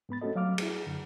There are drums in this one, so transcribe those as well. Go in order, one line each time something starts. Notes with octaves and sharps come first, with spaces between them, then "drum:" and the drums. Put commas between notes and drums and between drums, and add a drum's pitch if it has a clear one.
G#2 B3 B5 A6
A3 C4 C#4 F#4 A4 D#5
F#3 F5 D6 F6
E4 G#4, drum: cymbal
G#4
F#2 D3